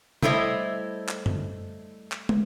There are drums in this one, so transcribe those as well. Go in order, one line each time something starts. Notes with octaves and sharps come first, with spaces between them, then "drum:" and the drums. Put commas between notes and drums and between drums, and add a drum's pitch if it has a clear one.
G3 A3 E4 C5 C#5 D#5, drum: tom
drum: clap
drum: tom F#2
drum: clap
drum: tom